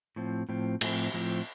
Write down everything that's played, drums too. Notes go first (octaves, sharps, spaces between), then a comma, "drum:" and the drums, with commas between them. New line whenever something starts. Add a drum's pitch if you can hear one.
A2 F3 C4
A2 F3 C4
A2 F3 C4, drum: cymbal
A2 F3 C4